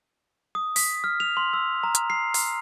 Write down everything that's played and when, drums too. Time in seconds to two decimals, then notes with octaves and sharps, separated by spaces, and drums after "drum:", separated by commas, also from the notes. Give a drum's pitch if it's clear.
0.55 D#6
0.76 B6, drum: open hi-hat
1.04 F6
1.20 F7
1.37 C6
1.53 E6
1.83 A#5
1.95 drum: hi-hat
2.10 C7
2.34 drum: open hi-hat